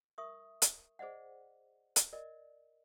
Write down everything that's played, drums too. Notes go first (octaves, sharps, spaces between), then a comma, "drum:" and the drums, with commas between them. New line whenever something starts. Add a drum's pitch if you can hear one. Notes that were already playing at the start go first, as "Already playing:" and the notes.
A#4 E5 C#6 D#6
drum: hi-hat
G#4 C5 D5 D#5 F#5
drum: hi-hat
A#4 D5 D#5